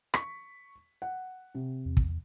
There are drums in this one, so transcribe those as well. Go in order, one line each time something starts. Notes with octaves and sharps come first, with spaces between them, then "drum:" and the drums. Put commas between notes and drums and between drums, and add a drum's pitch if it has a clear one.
C#6 B6, drum: rim click
F#5
C3
E2
drum: kick